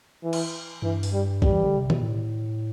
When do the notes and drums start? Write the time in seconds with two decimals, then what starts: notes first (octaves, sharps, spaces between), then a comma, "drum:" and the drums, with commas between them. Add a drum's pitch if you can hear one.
0.24 E3
0.33 drum: cymbal
0.82 G2 E3
1.03 drum: open hi-hat
1.13 G3
1.42 G3, drum: kick
1.52 E3
1.64 D3
1.77 C3
1.90 B2, drum: tom D#3
2.02 A2